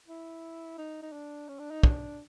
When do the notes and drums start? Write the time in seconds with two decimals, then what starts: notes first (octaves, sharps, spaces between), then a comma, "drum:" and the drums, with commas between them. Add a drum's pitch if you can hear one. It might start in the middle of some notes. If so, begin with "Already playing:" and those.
0.08 E4
0.78 D#4
1.03 D#4
1.13 D4
1.49 C#4
1.59 D4
1.71 D#4
1.83 D4, drum: kick